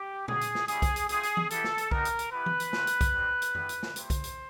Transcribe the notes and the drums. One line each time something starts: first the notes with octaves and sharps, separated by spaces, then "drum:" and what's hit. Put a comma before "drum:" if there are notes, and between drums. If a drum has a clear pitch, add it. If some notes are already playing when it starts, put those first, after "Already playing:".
Already playing: G4
G#3 C#4 F#4 G#4, drum: tom A#2
drum: hi-hat
drum: snare
G3 A#3 C#4 E4 G#4, drum: hi-hat
drum: kick B1, hi-hat
drum: hi-hat
A3 C4 F4 G#4, drum: hi-hat
drum: hi-hat
drum: tom E3
B3 E4 G4 A4, drum: hi-hat
drum: snare
drum: hi-hat
G3 B3 D#4 F#4 A#4, drum: kick B1
drum: hi-hat
drum: hi-hat
B3 E4 G4 B4
drum: tom E3
drum: hi-hat
A3 C4 F4, drum: snare
drum: hi-hat
drum: kick B1, hi-hat
G3 C4 D#4 G4
drum: hi-hat
B3 E4 G4, drum: tom F2
drum: hi-hat
drum: snare
A3 C4 E4 G4 C5, drum: hi-hat
drum: kick B1, hi-hat
drum: hi-hat